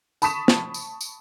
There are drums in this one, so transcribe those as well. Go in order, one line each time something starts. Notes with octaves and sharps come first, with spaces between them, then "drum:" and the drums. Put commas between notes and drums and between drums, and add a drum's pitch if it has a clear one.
A5 B5 C#6 D#6 B6 E7, drum: tambourine
drum: snare
drum: tambourine
drum: tambourine